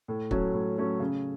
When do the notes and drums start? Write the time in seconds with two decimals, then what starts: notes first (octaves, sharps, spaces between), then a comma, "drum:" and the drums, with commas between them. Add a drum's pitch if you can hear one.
0.08 A2
0.31 F#3 A3 C#4, drum: kick
0.54 A2
0.78 F#3 A3 C#4
1.00 C#3